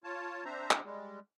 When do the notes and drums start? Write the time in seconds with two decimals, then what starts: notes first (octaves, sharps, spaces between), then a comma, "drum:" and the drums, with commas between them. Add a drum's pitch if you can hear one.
0.04 F4 C#5 A5
0.45 C4 D4 C5 E5 A#5
0.71 drum: clap
0.84 G3 G#3